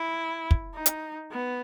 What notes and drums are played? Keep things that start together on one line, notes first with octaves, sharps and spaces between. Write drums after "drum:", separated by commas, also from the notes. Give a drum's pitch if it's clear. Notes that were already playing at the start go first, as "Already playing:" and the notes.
Already playing: E4
drum: kick
D#4
drum: hi-hat
B3